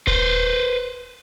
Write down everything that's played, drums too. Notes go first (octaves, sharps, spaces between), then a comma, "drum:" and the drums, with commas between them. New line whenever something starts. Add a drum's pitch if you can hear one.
B4 C5, drum: kick D#1